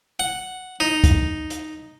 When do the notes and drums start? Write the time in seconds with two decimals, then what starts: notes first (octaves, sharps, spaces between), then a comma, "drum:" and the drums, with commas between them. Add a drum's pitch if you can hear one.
0.20 F#5
0.80 D#4
1.04 drum: kick, hi-hat
1.50 drum: hi-hat